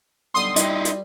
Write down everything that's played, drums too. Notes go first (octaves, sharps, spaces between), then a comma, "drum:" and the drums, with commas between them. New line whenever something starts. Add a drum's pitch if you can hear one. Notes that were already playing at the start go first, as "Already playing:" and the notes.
B1 D3 G3 C6 D#6
G3 D#4 E4 D#5 G5, drum: hi-hat
drum: hi-hat